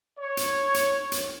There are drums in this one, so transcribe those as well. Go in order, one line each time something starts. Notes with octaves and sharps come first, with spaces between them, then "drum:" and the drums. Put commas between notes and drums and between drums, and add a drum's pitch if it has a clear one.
C#5
drum: hi-hat
drum: hi-hat
drum: hi-hat